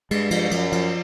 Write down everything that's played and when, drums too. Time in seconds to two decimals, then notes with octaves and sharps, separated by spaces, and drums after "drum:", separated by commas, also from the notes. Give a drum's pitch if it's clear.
0.11 G2 G#3, drum: cymbal
0.31 F3, drum: cymbal
0.51 F#2 F3, drum: cymbal
0.72 F3, drum: cymbal